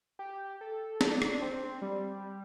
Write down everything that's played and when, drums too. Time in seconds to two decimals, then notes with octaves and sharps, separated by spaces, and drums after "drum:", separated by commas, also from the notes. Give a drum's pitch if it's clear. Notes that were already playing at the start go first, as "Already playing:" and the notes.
0.19 G4
0.61 A4
1.01 D4, drum: snare
1.22 drum: rim click
1.42 C4
1.82 G3